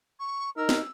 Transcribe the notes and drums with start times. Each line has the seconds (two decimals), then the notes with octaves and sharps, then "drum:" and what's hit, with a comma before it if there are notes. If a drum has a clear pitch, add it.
0.20 C#6
0.57 D#4 A#4 E6
0.69 drum: snare